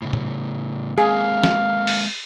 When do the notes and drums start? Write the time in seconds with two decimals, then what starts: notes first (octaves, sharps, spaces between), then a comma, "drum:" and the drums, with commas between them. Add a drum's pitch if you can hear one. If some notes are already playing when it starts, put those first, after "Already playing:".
0.02 A2 C#3
0.13 drum: tom A#2
0.98 G#3 A#3 C4 G#4 F5
1.43 drum: snare
1.87 drum: open hi-hat